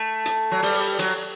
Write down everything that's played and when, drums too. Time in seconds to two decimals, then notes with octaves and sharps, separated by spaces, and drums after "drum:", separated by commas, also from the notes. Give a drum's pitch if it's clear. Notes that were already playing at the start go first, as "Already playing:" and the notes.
Already playing: A3
0.26 drum: hi-hat
0.52 F#3
0.62 G3, drum: open hi-hat
0.99 F#3, drum: hi-hat